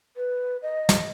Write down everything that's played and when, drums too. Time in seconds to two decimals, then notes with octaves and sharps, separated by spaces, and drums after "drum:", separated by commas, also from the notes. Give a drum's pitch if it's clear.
0.16 B4
0.62 D#5
0.89 drum: snare